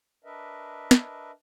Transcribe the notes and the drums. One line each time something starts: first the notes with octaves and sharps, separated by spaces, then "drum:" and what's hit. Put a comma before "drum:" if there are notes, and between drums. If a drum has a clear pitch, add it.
D4 A#4 B4 D#5 E5
drum: snare